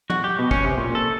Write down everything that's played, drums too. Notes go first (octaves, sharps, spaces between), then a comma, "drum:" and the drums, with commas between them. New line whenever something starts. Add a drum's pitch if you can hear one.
F#4, drum: tom
G4
B2
C#4, drum: kick
C3
A#2
A4